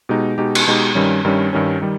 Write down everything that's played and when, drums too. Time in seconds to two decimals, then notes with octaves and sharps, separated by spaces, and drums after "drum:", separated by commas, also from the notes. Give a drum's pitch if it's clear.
0.09 B2 G#3 D#4 G4
0.38 B2 G#3 D#4 G4
0.55 drum: cymbal
0.67 B2 G#3 D#4 G4
0.95 G2 D#3 G3 C#4
1.25 G2 D#3 G3 C#4
1.53 G2 D#3 G3 C#4
1.82 D#3 G3